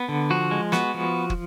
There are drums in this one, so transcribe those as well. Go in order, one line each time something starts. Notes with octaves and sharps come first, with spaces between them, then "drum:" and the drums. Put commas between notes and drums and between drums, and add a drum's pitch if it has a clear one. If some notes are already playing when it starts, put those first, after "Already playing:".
Already playing: B3
D3
F3 F#4
G#3
B3 F#4, drum: snare
F3
drum: kick